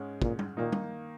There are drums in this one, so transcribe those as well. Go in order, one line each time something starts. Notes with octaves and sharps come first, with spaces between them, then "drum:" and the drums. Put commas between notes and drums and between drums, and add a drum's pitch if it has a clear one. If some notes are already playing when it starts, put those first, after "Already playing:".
Already playing: G#2 G#3 C#4
A#2, drum: kick
drum: tom
A#2 D#3 A#3 D#4
drum: tom